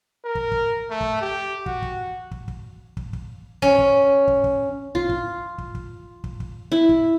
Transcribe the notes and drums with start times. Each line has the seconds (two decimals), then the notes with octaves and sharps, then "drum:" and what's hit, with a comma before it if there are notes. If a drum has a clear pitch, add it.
0.25 A#4
0.35 drum: kick
0.52 drum: kick
0.90 A3
1.01 drum: kick
1.21 G4
1.66 F#4, drum: kick
1.82 drum: kick
2.31 drum: kick
2.48 drum: kick
2.97 drum: kick
3.13 drum: kick
3.62 C#4, drum: kick
3.79 drum: kick
4.28 drum: kick
4.44 drum: kick
4.95 F4, drum: kick
5.09 drum: kick
5.58 drum: kick
5.75 drum: kick
6.24 drum: kick
6.40 drum: kick
6.72 E4
6.89 drum: kick